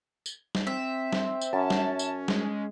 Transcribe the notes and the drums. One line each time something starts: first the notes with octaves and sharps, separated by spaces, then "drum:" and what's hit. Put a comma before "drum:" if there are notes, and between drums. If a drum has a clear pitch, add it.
drum: tambourine
drum: snare G3
C4 E5
drum: snare G3
drum: tambourine
F#2 C#4 A5
drum: snare G3
drum: tambourine
G#3, drum: snare G3